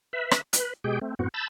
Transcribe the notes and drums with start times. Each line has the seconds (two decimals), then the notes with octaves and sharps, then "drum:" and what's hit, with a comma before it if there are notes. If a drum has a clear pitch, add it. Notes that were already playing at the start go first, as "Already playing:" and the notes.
0.13 B4 E5
0.31 drum: rim click
0.53 B4, drum: hi-hat
0.84 B2 G#3 G4 G#4 G5
1.01 A3 C4
1.19 F#2 A2 B3 C4 F#4
1.34 A5 B5 E6 G6 A6